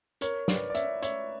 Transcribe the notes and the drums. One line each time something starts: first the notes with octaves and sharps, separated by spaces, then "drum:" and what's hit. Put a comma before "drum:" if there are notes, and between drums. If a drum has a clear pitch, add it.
A#4 C#5, drum: hi-hat
B4 D5, drum: snare
D5
C#5 E5, drum: hi-hat
C#5 E5, drum: hi-hat